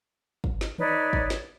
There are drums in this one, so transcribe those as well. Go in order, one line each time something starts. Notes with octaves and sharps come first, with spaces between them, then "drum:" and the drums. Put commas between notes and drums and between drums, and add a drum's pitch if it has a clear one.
drum: kick
drum: snare
D#4 B4 C#5 D5, drum: tom D#3
drum: kick
drum: snare